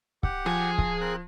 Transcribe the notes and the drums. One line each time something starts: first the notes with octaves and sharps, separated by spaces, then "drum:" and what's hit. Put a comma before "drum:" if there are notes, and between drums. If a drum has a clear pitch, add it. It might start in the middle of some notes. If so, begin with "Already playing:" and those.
G4 F#5, drum: kick C#1
F3 G#4 G#5
drum: kick C#1
C4 A#4 F#6